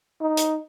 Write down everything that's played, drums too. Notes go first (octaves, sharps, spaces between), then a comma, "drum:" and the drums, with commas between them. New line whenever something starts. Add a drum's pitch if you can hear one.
D#4
drum: hi-hat